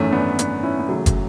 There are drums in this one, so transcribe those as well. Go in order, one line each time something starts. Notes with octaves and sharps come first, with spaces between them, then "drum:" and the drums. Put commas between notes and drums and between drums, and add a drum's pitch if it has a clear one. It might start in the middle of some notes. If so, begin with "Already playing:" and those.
Already playing: G#1 F#2 E3 A3 C#4
B3 D4
B3 D4, drum: hi-hat
C#4 E4
B3
F#1 F#2 C#3 E3 F#3 A3
drum: kick, hi-hat